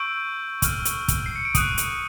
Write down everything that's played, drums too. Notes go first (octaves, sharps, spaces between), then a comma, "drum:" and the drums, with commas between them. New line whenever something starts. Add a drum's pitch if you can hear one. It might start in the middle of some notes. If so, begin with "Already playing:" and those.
Already playing: C#6 E6 G6 D7
C#6 F6, drum: kick, hi-hat
drum: hi-hat
drum: kick, hi-hat
C7
C#7
D7
D#6 F#6 D#7, drum: kick, hi-hat
drum: hi-hat